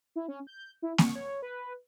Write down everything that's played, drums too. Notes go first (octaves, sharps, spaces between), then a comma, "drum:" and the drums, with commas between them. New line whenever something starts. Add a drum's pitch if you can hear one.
E4
C#4
G6
E4
C#6, drum: snare A#3
C#5
B4